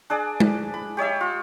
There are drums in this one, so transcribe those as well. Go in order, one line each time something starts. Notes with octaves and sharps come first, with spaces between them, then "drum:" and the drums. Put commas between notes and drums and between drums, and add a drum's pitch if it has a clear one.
D4 G#4 D5 G#5
drum: tom G#3
B5
G4 C#5 D#5 E5
F4